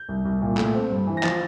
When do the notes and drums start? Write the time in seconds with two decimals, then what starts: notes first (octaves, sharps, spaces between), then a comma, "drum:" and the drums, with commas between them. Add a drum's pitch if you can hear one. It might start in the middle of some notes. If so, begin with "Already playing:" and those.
Already playing: G6
0.09 C2
0.25 C2
0.42 A#2
0.57 A3, drum: clap
0.74 C4
0.91 G2
1.07 E3
1.17 A#6
1.23 F3 A6, drum: clap